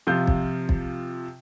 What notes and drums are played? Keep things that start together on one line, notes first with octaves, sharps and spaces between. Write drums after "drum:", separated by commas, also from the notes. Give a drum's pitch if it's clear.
C3 F3 F4 G6
drum: kick
drum: kick